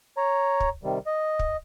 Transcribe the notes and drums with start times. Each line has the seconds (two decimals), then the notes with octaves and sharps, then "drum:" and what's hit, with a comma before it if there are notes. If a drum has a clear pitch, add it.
0.17 C#5 A#5
0.60 drum: kick
0.84 C3 D#3 G3
1.06 D#5
1.39 drum: kick